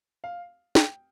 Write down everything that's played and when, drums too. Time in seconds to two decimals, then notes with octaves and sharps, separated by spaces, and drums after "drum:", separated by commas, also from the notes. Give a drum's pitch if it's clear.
0.24 F5
0.75 G5, drum: snare